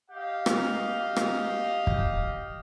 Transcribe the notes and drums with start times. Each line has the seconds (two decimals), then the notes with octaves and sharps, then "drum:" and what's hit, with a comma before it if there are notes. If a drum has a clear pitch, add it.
0.11 G4 D#5 F5
0.46 drum: rim click
1.16 drum: rim click
1.87 drum: kick